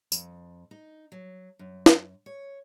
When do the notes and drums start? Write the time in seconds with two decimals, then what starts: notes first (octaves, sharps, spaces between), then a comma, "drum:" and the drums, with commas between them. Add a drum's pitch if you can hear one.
0.12 F2, drum: tambourine
0.71 D#4
1.12 F#3
1.59 F#2
1.86 drum: snare
2.26 C#5